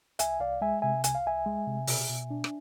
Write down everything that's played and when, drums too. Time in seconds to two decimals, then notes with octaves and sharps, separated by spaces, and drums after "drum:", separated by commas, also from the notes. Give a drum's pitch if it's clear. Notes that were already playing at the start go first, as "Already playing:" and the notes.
0.19 C2 E5 G#5, drum: hi-hat
0.40 C2 D5 F5
0.61 G#3 E5 G#5
0.82 C3 E5 G#5
1.04 C2 G#5, drum: hi-hat
1.15 F5
1.25 C2 E5 G#5
1.46 G#3
1.67 C3
1.87 B2, drum: open hi-hat
2.09 B2
2.31 D4
2.44 drum: rim click